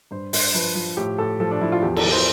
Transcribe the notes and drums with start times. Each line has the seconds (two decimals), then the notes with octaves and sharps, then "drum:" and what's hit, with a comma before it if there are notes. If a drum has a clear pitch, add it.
0.11 G2 C5
0.33 G2 C5, drum: open hi-hat
0.54 F3 B4
0.75 F3
0.97 A2 G4
1.18 A2 A4
1.40 F3 A4
1.51 D4
1.61 F3 E4
1.72 F4
1.82 E2 G4
1.96 A4, drum: cymbal
2.05 E3
2.12 C5